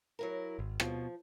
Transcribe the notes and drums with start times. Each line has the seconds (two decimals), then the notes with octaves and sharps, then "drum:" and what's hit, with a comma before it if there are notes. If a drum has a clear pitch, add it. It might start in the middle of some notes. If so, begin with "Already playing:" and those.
0.19 F#3 E4 A#4
0.59 G#1
0.80 B2 F3, drum: rim click